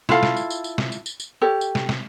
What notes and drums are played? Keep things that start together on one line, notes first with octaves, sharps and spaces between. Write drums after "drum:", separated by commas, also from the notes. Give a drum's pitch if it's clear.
E4 F4 A4 F5, drum: snare
drum: snare
drum: tambourine
drum: tambourine
drum: tambourine
drum: snare
drum: tambourine
drum: tambourine
drum: tambourine
G4 A4 C#5
drum: tambourine
drum: snare
drum: snare